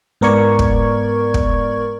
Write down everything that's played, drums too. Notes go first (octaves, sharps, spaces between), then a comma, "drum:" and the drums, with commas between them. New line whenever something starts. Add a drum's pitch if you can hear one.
G#2 B3 A#4 D5 C#6 G#6
drum: kick
drum: kick